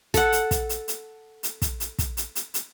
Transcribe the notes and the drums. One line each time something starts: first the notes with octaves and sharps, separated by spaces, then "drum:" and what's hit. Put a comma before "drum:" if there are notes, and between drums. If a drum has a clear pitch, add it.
A4 F#5, drum: kick, hi-hat
drum: hi-hat
drum: kick, hi-hat
drum: hi-hat
drum: hi-hat
drum: hi-hat
drum: kick, hi-hat
drum: hi-hat
drum: kick, hi-hat
drum: hi-hat
drum: hi-hat
drum: hi-hat